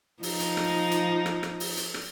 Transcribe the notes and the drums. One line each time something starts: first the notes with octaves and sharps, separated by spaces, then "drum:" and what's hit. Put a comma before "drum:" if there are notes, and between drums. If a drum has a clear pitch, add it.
F3 D#4, drum: open hi-hat
drum: hi-hat
drum: rim click
drum: hi-hat
drum: rim click
drum: rim click
drum: open hi-hat
drum: hi-hat
drum: rim click